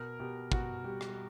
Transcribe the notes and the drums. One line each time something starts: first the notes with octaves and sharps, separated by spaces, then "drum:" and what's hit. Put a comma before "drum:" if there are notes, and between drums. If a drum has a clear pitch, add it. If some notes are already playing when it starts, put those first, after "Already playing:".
Already playing: B2 A#4
B2 G4
B2 F#4, drum: kick
G3 G4
drum: rim click